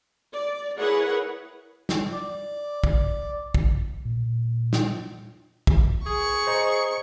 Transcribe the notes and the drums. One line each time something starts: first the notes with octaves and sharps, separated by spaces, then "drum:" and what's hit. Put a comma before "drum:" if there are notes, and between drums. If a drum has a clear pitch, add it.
D5
E4 G#4 A#4 B4 C#5 F#5
drum: snare
D5
drum: kick
drum: kick
A#2
drum: snare
drum: kick
G#4 C#6 C#7
C5 D#5 A#5